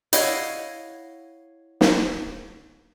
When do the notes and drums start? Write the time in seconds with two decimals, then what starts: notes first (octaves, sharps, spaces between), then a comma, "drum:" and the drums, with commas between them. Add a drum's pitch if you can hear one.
0.13 E4 C#5 D#5 F5 F#5, drum: hi-hat
1.81 drum: snare